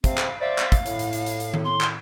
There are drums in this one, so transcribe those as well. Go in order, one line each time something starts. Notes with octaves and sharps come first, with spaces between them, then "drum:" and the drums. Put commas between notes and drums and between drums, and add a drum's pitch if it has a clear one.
C3 C4 F5, drum: kick, hi-hat
drum: clap
C5 D5 E5 F5
drum: clap
drum: kick, hi-hat
A2, drum: hi-hat
drum: hi-hat
drum: hi-hat
drum: hi-hat
drum: hi-hat
drum: tom D#3
C6
drum: clap